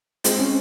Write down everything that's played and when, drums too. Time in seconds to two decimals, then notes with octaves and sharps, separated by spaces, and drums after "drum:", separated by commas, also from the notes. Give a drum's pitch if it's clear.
0.24 G#3 C4, drum: hi-hat
0.39 C#4